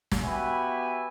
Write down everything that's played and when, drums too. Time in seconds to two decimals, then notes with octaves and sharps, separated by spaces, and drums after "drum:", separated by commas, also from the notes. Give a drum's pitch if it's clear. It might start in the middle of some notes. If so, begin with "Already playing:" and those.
0.12 drum: snare
0.23 B3 F#4 G4 E5 G#5 B5